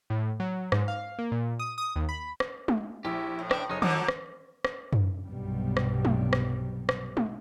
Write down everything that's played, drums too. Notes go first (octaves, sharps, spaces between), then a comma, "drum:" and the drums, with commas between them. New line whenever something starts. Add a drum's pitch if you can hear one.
A2
F#3
G#2, drum: rim click
F5
A#3
A#2
D#6
D#6
D#2
B5
drum: rim click
drum: tom G#3
A#1 E4 G4
A2
D4 E5 G5, drum: rim click
F#1 D#4 C#5 D#6
D3 F3 F#3 A5 D6, drum: tom D#3
drum: rim click
drum: rim click
drum: tom F#2
B1 G2 C3 F#3 G3 B3
drum: rim click
drum: tom G#3
drum: rim click
drum: rim click
drum: tom G#3